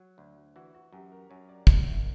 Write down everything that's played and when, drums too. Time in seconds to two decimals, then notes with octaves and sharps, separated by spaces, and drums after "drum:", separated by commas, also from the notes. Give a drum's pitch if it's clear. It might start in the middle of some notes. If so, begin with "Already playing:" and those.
Already playing: F#3
0.18 D2
0.56 E3 F#4
0.74 F#4
0.93 F#2 G4
1.12 A#4
1.30 F#2 C#5
1.49 D5
1.67 F#2 D5, drum: kick
1.86 E5